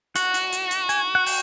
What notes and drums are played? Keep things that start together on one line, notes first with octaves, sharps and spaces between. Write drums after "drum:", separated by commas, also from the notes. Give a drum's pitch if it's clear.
F#4 F#5, drum: hi-hat
drum: hi-hat
drum: hi-hat
drum: hi-hat
G#5, drum: hi-hat
F#5
G5, drum: open hi-hat